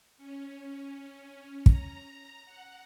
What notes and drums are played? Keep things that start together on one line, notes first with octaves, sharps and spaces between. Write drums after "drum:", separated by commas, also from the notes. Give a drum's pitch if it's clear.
C#4
A#5, drum: kick
F#5